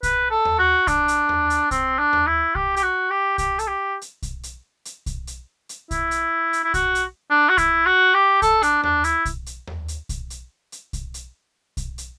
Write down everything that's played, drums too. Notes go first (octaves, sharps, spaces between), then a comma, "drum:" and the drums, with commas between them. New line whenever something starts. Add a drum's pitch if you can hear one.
B4, drum: kick B1, hi-hat
A4
drum: tom D#2
F#4
D4, drum: kick B1, hi-hat
drum: hi-hat
drum: tom D#2
drum: hi-hat
C4, drum: kick B1, hi-hat
D4
drum: tom D#2
E4
G4, drum: kick B1
G4, drum: hi-hat
F#4
G4
G4, drum: kick B1, hi-hat
A4, drum: hi-hat
G4
drum: hi-hat
drum: kick B1, hi-hat
drum: hi-hat
drum: hi-hat
drum: kick B1, hi-hat
drum: hi-hat
drum: hi-hat
E4, drum: kick B1, hi-hat
drum: hi-hat
drum: hi-hat
E4
F#4, drum: kick B1, hi-hat
drum: hi-hat
D4
F#4
E4, drum: kick B1, hi-hat
F#4
G4
A4, drum: kick B1, hi-hat
D4, drum: hi-hat
D4, drum: tom D#2
E4, drum: hi-hat
drum: kick B1, hi-hat
drum: hi-hat
drum: tom D#2
drum: hi-hat
drum: kick B1, hi-hat
drum: hi-hat
drum: hi-hat
drum: kick B1, hi-hat
drum: hi-hat
drum: kick B1, hi-hat
drum: hi-hat